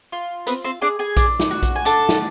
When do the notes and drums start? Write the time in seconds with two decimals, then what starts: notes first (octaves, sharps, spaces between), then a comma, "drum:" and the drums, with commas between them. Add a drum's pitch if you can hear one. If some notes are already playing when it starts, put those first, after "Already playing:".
0.12 F4
0.47 B3 C4 B4, drum: hi-hat
0.64 C4 C5
0.82 D4 G#4 D5
0.99 G#4 G#5
1.17 D4, drum: kick A#1, hi-hat
1.40 drum: snare
1.51 F#4
1.63 drum: kick A#1, hi-hat
1.76 G#5
1.85 D4 A4 A5, drum: hi-hat
2.09 drum: snare